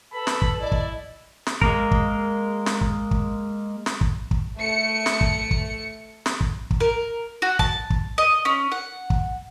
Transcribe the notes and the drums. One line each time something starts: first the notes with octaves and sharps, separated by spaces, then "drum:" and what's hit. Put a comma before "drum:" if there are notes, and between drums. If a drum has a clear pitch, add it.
A4 B4 B5
drum: snare
drum: kick
E4 D5 D#5
drum: kick
drum: snare
G#3 A#3 A#4, drum: kick
drum: kick
drum: snare
drum: kick
drum: kick
drum: snare
drum: kick
drum: kick
A3 C#7
drum: snare
drum: kick
drum: kick
drum: snare
drum: kick
drum: kick
A#4
F#4
A5, drum: kick
drum: kick
D#5
C#4
F#5
drum: kick